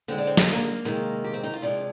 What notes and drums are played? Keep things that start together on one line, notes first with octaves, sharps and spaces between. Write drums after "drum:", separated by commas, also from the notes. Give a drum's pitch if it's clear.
D3 G#3 C4
D4
C4
A#3, drum: snare
A#3
C3 D#3 G#3
G4
C4
D#4
F4
C3 F3 G#3 D4